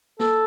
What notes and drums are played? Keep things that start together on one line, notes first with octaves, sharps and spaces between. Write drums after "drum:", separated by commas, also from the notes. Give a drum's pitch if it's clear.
A4, drum: snare A#3